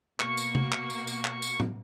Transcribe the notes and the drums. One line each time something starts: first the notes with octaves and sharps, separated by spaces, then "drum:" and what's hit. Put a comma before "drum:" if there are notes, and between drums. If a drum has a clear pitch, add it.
B2 A#3 F#4 C#6, drum: clap
drum: tambourine
drum: tom C3
drum: clap
drum: tambourine
drum: tambourine
drum: clap
drum: tambourine
drum: tom A2